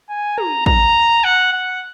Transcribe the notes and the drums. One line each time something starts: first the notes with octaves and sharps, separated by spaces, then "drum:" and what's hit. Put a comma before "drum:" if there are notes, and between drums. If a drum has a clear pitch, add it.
G#5
A#5, drum: tom
A#5, drum: kick
F#5
F#5